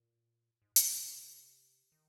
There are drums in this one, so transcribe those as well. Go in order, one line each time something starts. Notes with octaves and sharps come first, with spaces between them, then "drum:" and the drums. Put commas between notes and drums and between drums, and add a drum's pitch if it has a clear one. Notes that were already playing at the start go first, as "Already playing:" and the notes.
Already playing: A#2
G#2
G#2, drum: hi-hat
A#2
C3
D#3